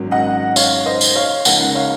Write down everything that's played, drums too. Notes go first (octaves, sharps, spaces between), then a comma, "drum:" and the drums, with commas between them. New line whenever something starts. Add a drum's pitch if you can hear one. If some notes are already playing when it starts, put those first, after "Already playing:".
Already playing: G#1 G#2 F#3 A#3 C#4
D#5 F#5
C#5 F5, drum: tambourine
C5 D#5
drum: tambourine
C#5 F5
C#2 C#3 F3 A#3 D#4 D#5 F#5, drum: tambourine
C#5 F5